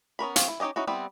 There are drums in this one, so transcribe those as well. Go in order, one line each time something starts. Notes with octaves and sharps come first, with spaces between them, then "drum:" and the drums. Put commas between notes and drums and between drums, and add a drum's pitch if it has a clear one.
B3 C#4 A#4 B5
F3 C4 F4 C#5 F5, drum: hi-hat
E4
C#4 D#4 G4 D#5 G#5
C#4 D#4 E4 F#4
G3 B3 C4 E4